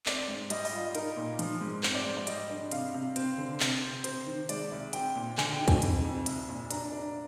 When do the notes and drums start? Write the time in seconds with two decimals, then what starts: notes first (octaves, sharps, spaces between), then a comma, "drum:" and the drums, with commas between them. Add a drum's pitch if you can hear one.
0.06 C4 D5, drum: clap
0.28 G#2
0.50 G3 D#5, drum: hi-hat
0.65 D#5, drum: open hi-hat
0.73 F4
0.95 D#4 A#4, drum: hi-hat
1.16 A#2
1.39 F3, drum: hi-hat
1.61 G#2
1.83 C4 C5, drum: clap
1.94 D5
2.05 G#2
2.17 D5
2.27 G3 D#5, drum: hi-hat
2.50 D4
2.71 C3 F5, drum: hi-hat
2.94 C3
3.16 C4, drum: hi-hat
3.38 D3
3.60 C3, drum: clap
3.83 C4
4.04 C3 C5, drum: hi-hat
4.27 D#3
4.49 G#3 D5, drum: hi-hat
4.72 C2
4.93 C4 G5, drum: hi-hat
5.16 A#2
5.38 D3 G#5, drum: clap
5.52 G5
5.60 D#4
5.68 G#5, drum: kick, hi-hat
5.82 F2, drum: hi-hat
6.04 F2
6.26 C2, drum: hi-hat
6.49 A#2
6.71 D4 A#5, drum: hi-hat
6.92 D4